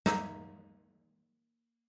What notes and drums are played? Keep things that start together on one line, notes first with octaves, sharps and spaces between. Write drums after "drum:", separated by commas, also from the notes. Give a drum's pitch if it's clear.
A#3 D#4 E5, drum: snare